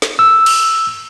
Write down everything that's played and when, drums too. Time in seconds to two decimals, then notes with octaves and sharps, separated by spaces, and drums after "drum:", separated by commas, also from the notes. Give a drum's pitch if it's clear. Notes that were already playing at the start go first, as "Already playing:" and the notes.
0.02 drum: snare
0.19 E6
0.46 drum: cymbal